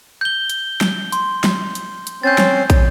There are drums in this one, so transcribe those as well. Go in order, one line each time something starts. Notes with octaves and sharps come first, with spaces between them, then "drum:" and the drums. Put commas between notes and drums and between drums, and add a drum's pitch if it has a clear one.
G6 G7
drum: hi-hat
drum: snare
C6, drum: hi-hat
drum: snare
drum: hi-hat
drum: hi-hat
C4 C#4 C5 G6 A6
drum: snare
drum: kick, hi-hat